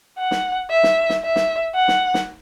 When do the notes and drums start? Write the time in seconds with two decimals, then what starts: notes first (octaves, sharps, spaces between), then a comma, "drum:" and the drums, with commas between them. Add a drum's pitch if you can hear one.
0.18 F#5
0.31 drum: snare
0.70 E5
0.83 drum: snare
1.10 drum: snare
1.22 E5
1.36 drum: snare
1.75 F#5
1.88 drum: snare
2.14 drum: snare